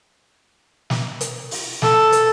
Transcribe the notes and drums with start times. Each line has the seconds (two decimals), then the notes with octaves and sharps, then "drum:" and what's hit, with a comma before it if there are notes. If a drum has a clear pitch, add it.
0.90 drum: snare
1.21 drum: hi-hat
1.51 drum: open hi-hat
1.82 A4, drum: snare
2.12 drum: hi-hat